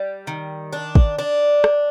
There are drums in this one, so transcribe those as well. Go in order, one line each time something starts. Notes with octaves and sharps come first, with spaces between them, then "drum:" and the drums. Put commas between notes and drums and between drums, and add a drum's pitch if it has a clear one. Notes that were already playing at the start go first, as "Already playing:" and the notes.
Already playing: G3
D#3
D4
drum: kick
D4
drum: rim click